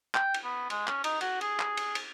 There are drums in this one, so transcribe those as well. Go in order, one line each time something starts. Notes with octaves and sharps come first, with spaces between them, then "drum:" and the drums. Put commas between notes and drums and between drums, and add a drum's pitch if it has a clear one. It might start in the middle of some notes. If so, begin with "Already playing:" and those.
G5, drum: clap
drum: cymbal
B3
G#3, drum: cymbal
C#4, drum: clap
D#4, drum: cymbal
F#4, drum: cymbal
G#4, drum: cymbal
drum: clap
drum: cymbal
drum: cymbal